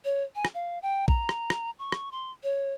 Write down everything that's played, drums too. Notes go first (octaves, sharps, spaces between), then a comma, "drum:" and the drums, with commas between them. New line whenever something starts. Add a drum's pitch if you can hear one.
C#5
G#5
drum: rim click
F5
G5
A#5, drum: kick A#1
drum: rim click
drum: rim click
C#6
drum: rim click
C6
C#5